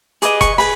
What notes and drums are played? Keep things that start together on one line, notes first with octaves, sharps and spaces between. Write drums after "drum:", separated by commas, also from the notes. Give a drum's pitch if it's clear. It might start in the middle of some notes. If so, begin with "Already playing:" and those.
G#4 B4 D#5 D6, drum: hi-hat
C#6, drum: kick F1, hi-hat
G#4 B4 B5, drum: open hi-hat